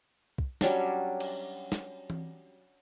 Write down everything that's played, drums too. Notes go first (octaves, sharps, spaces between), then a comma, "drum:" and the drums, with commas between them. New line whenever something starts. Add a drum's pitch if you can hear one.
drum: kick
F#3 G3 C#4 D4, drum: snare
drum: cymbal
drum: snare
drum: tom E3